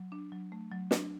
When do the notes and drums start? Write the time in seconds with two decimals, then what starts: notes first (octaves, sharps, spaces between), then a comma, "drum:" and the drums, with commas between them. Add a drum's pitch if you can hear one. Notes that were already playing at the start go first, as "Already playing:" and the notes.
Already playing: F#3
0.12 D4
0.32 F#3
0.52 A3
0.71 F#3
0.91 D4, drum: snare